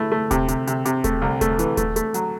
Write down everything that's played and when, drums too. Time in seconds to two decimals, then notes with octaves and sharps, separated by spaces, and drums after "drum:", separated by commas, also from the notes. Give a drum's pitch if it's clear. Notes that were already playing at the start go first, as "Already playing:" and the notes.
Already playing: A3 E4
0.12 A3
0.31 C3, drum: kick D#1, hi-hat
0.48 C3, drum: hi-hat
0.67 C3, drum: hi-hat
0.85 C3, drum: hi-hat
1.04 A3, drum: kick D#1, hi-hat
1.22 C2
1.41 A3, drum: kick D#1, hi-hat
1.59 E3, drum: hi-hat
1.77 A3, drum: kick D#1, hi-hat
1.96 A3, drum: hi-hat
2.14 F#3, drum: hi-hat